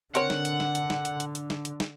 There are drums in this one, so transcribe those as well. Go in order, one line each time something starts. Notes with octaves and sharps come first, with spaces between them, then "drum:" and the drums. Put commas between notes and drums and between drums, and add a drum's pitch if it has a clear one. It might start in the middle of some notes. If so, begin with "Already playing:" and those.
D3 C4 A#4 C#5 F#5, drum: hi-hat
drum: snare
drum: hi-hat
drum: snare
drum: hi-hat
drum: snare
drum: hi-hat
drum: hi-hat
drum: hi-hat
drum: snare
drum: hi-hat
drum: snare